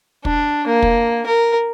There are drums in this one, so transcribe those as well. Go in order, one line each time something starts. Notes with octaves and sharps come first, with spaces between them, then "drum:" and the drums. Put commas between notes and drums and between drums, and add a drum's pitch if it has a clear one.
D4, drum: kick
A#3
drum: kick
A#4